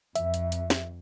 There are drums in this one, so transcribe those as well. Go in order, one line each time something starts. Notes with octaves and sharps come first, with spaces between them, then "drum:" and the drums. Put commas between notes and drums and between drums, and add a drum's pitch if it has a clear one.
F2 E5, drum: hi-hat
drum: hi-hat
drum: hi-hat
drum: snare